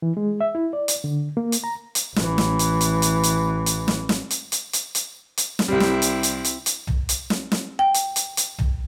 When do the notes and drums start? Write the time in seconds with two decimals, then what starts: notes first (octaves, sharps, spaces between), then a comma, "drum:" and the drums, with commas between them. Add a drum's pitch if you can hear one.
0.02 E3
0.17 G#3
0.41 E5
0.55 E4
0.73 D5
0.88 drum: hi-hat
1.04 D3
1.37 A#3
1.52 drum: hi-hat
1.64 A#5
1.95 drum: hi-hat
2.16 A1 E3, drum: snare
2.38 drum: snare
2.59 drum: hi-hat
2.81 drum: hi-hat
3.02 drum: hi-hat
3.23 drum: hi-hat
3.66 drum: hi-hat
3.88 drum: snare
4.09 drum: snare
4.30 drum: hi-hat
4.52 drum: hi-hat
4.73 drum: hi-hat
4.95 drum: hi-hat
5.38 drum: hi-hat
5.59 drum: snare
5.68 C2 G3 C4 E4
5.80 drum: snare
6.02 drum: hi-hat
6.23 drum: hi-hat
6.45 drum: hi-hat
6.66 drum: hi-hat
6.87 drum: tom
7.09 drum: hi-hat
7.30 drum: snare
7.52 drum: snare
7.79 G5
7.94 drum: hi-hat
8.16 drum: hi-hat
8.37 drum: hi-hat
8.59 drum: tom